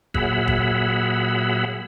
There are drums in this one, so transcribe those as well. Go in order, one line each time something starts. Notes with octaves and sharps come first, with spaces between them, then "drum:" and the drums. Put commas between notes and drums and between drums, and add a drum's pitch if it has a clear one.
A#2 F#3 G#4 E5 F#5 B5, drum: kick
drum: kick